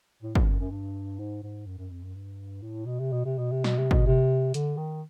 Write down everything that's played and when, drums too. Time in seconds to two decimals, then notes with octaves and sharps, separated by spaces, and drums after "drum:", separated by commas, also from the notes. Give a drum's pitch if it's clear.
0.23 A2
0.35 G2, drum: kick
0.47 F#2
0.60 F#2
0.71 G2
1.19 G#2
1.43 G#2
1.66 F#2
1.78 F#2
1.91 F2
2.03 F#2
2.15 G2
2.62 A2
2.86 B2
3.00 C3
3.12 B2
3.25 C3
3.38 B2
3.52 C3
3.64 B2, drum: snare
3.78 C3
3.91 B2, drum: kick
4.06 C3
4.54 D3, drum: hi-hat
4.77 D#3